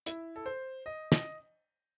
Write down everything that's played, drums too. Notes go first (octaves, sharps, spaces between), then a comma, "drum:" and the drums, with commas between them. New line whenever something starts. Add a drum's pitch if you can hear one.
E4, drum: hi-hat
A4
C5
D#5
D#5, drum: snare